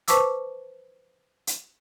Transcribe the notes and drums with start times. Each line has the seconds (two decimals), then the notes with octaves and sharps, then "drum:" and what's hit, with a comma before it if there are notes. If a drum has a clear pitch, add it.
0.08 B4 C5 A5 C#6 D6 E6, drum: hi-hat
1.47 drum: hi-hat